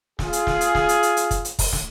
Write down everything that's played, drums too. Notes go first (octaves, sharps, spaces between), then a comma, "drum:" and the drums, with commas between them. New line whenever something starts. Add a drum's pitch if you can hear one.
F4 G#4, drum: snare
drum: hi-hat
drum: snare
drum: hi-hat
drum: snare
drum: hi-hat
drum: hi-hat
drum: hi-hat
drum: kick, hi-hat
drum: hi-hat
drum: kick, open hi-hat
drum: snare